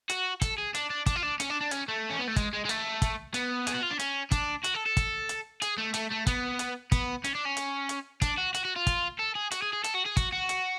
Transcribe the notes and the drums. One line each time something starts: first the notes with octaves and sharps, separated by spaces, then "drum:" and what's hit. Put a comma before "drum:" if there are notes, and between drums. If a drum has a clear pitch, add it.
F#4, drum: hi-hat
A4, drum: kick, hi-hat
G#4
D4, drum: hi-hat
D4
D4, drum: kick, hi-hat
F4
D4
C#4, drum: hi-hat
D4
D4
C#4, drum: hi-hat
A3
C#4
B3
A3
G#3, drum: kick, hi-hat
G#3
G#3
A3, drum: hi-hat
drum: kick, hi-hat
B3, drum: hi-hat
G#4, drum: hi-hat
F#4
F4
D4
C#4, drum: hi-hat
D4, drum: kick, hi-hat
F#4, drum: hi-hat
A4
A4
drum: kick, hi-hat
drum: hi-hat
G#4, drum: hi-hat
A3
A3, drum: hi-hat
A3
B3, drum: kick, hi-hat
drum: hi-hat
B3, drum: kick, hi-hat
C#4, drum: hi-hat
D4
C#4
drum: hi-hat
drum: hi-hat
D4, drum: kick, hi-hat
F#4
F#4, drum: hi-hat
F#4
F4
drum: kick, hi-hat
A4
G#4
F#4, drum: hi-hat
G#4
G#4
A4, drum: hi-hat
F#4
G#4
F#4, drum: kick, hi-hat
F#4
drum: hi-hat